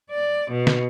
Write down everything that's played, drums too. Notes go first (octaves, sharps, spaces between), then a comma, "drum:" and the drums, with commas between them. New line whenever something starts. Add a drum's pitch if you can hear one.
D5
B2
drum: snare